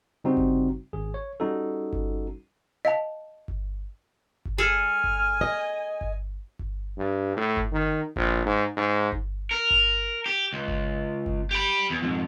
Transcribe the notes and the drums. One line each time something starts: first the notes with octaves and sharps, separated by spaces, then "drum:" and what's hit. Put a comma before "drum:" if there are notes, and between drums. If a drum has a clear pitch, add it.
C#3 G3 C4 D#4 F#4
drum: kick G1
G#1 G#4
C#5
G3 C#4 D#4 F#4 A4
drum: kick G1
D#5 F5 A5
drum: kick G1
drum: kick G1
G3 G#4 A4 G#5 F6
drum: kick G1
D#5
drum: kick G1
drum: kick G1
G2
A2
drum: kick G1
D#3
A#1, drum: kick G1
G#2
G#2
drum: kick G1
A#4
drum: kick G1
G4
C#2
drum: kick G1
drum: kick G1
G4 B5
E2
F2 G#2